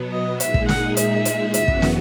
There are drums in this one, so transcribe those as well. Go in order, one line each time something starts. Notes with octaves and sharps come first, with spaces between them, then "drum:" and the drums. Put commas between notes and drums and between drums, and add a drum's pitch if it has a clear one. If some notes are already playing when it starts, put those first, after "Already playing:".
Already playing: B2 F#3 B3
D#5
A#2 G#3 D#4 G#4 E5, drum: hi-hat
drum: kick
F#5, drum: snare
E5, drum: hi-hat
drum: hi-hat
F#2 C#3 E3 B3 F#4 E5, drum: hi-hat
drum: kick
drum: snare